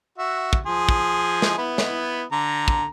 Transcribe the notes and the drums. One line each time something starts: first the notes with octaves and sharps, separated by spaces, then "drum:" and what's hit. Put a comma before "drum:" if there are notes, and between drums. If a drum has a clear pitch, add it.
F#4 E5
drum: kick
F3 G#4 C6
drum: kick
drum: snare
B3 E4
drum: snare
D3 A#5
drum: kick